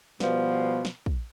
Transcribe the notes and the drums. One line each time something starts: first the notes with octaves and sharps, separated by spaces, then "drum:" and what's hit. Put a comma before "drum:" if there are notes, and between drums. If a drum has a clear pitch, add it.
B2 F3 G3 B3, drum: snare
drum: snare
drum: kick